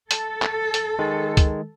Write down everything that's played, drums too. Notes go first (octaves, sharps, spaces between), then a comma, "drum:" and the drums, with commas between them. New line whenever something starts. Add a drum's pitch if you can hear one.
A4 A5, drum: hi-hat
drum: clap
drum: hi-hat
D#3 G#3
drum: kick C#2, hi-hat